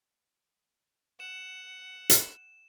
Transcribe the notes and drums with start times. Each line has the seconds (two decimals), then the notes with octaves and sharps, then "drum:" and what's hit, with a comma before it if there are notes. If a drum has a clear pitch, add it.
1.20 F#5 E7
2.10 drum: hi-hat